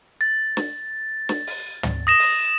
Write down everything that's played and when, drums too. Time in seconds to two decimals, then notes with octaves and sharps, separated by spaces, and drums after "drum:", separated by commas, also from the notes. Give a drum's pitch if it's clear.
0.21 A6
0.57 drum: snare
1.29 drum: snare
1.47 drum: open hi-hat
1.83 drum: tom
2.07 D#6 A#6 E7
2.19 drum: open hi-hat